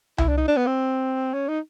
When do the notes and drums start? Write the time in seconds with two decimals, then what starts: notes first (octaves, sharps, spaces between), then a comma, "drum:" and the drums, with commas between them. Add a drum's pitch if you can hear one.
0.18 E4, drum: tom C2
0.28 D4
0.37 D#4
0.48 D4
0.57 B3
0.67 C4
1.34 C#4
1.49 D#4